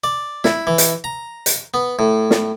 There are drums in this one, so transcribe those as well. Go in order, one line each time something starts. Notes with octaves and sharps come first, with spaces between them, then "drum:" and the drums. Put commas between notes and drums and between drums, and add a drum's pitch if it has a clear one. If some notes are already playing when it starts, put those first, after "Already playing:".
D5
E4, drum: snare
E3
drum: hi-hat
A#5
drum: hi-hat
B3
A2
drum: snare